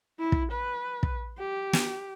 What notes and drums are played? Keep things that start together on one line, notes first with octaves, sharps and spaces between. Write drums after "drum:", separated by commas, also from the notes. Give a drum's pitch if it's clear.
E4
drum: kick
B4
drum: kick
G4
drum: snare